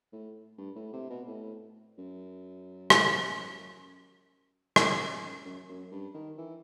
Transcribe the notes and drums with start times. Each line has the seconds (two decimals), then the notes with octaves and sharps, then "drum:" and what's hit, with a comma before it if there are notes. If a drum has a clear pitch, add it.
0.13 A2
0.58 G2
0.76 A2
0.93 C3
1.10 B2
1.27 A2
1.98 F#2
2.90 drum: rim click
4.76 F#2, drum: rim click
5.45 F#2
5.69 F#2
5.91 G2
6.14 D#3
6.38 E3